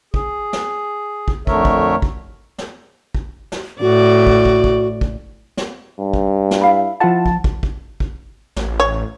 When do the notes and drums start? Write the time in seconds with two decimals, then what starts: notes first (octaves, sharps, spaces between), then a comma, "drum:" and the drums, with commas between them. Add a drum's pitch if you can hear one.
0.14 G#4, drum: kick
0.53 drum: snare
1.28 drum: kick
1.47 F2 D3 A3 A#4 C#5 E5, drum: kick
1.65 drum: kick
2.02 drum: kick
2.58 drum: snare
3.15 drum: kick
3.52 drum: snare
3.82 A2 F#4 D5
4.27 drum: kick
4.45 drum: kick
4.64 drum: kick
5.01 drum: kick
5.57 drum: snare
6.00 G2
6.14 drum: kick
6.51 drum: snare
6.61 E4 F5 B5
7.00 F3 E4 F4 F#5 A5
7.26 drum: kick
7.44 drum: kick
7.63 drum: kick
8.00 drum: kick
8.56 A1, drum: snare
8.80 C#5